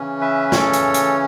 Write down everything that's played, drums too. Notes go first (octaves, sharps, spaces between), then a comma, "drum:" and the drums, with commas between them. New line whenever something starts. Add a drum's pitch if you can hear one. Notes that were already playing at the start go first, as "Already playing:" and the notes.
Already playing: C#3 E3 C#4
B4 E5
E5
A4 C#5, drum: snare
drum: hi-hat
drum: hi-hat